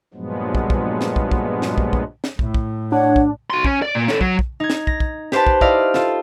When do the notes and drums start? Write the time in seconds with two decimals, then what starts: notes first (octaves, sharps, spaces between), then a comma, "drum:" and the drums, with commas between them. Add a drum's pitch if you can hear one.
0.14 G2 A#2 F3 F#3 G#3 B3
0.55 drum: kick
0.70 drum: kick
1.01 drum: snare
1.16 drum: kick
1.31 drum: kick
1.62 drum: snare
1.78 drum: kick
1.93 drum: kick
2.24 drum: snare
2.39 A2, drum: kick
2.54 drum: kick
2.92 D4 C#5 F#5
3.16 drum: kick
3.50 F#4 C6
3.64 C#4, drum: kick
3.82 D5
3.95 A#2
4.08 C#4 A4, drum: snare
4.21 F#3, drum: kick
4.39 drum: kick
4.60 D#4 G#6
4.70 drum: snare
4.87 A#6, drum: kick
5.00 drum: kick
5.32 G4 B4 C5 G5 A5, drum: snare
5.47 drum: kick
5.61 E4 D5 D#5 F5, drum: kick
5.94 F4 A4, drum: snare